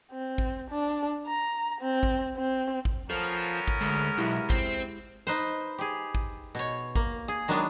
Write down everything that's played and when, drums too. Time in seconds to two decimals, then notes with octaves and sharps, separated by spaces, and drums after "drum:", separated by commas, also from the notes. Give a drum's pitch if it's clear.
0.11 C4
0.38 drum: kick
0.70 D4
1.27 A#5
1.81 C4
2.03 drum: kick
2.37 C4
2.85 drum: kick
3.10 F3 B3 C#4 A4 A#4
3.68 drum: kick
3.81 D2 G#3
4.18 B1 E4 G4
4.50 C4, drum: kick
5.27 D#4 B4 C5
5.78 G4 G#4
6.15 drum: kick
6.55 B2 C#5
6.96 A#3, drum: kick
7.28 G#4
7.48 D#3 F#3 G#3 B3 D4